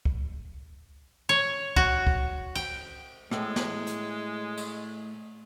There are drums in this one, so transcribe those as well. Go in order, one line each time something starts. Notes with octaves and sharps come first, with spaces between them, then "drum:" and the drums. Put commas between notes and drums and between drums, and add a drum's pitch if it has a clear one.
drum: kick
C#5
F#4, drum: kick
drum: kick
G5, drum: cymbal
A2 G#3, drum: rim click
drum: snare
drum: hi-hat
drum: cymbal